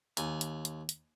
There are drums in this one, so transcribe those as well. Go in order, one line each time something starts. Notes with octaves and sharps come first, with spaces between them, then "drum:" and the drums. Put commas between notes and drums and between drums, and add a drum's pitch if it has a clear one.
D#2 G#5, drum: hi-hat
drum: hi-hat
drum: hi-hat
drum: hi-hat